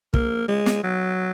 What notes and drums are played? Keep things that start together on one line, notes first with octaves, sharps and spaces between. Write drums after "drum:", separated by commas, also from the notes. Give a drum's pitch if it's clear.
A#3, drum: kick
G#3
drum: snare
F#3